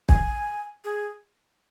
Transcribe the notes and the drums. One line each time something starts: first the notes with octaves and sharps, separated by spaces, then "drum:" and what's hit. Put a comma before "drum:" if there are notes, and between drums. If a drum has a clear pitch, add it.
G#5, drum: kick
G#4